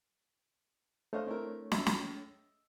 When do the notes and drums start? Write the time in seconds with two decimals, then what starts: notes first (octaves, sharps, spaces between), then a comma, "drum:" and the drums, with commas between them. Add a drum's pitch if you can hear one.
1.13 A3 D4 C5 C#5 D#5 F5
1.26 C4 E4 A#4
1.72 D#5 E5, drum: snare
1.86 drum: snare